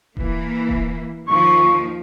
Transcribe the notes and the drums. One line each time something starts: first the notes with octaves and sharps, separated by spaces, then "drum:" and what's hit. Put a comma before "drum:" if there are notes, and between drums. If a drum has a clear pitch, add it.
E3 A#3, drum: kick D#1
drum: kick D#1
D#2 D#3 F3 C#6